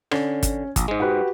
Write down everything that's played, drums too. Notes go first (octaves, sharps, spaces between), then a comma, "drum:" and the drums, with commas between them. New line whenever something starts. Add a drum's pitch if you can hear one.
D3 C#4, drum: rim click
drum: kick, hi-hat
A#1, drum: kick, hi-hat
G#2 G#3
F#4 G4 B4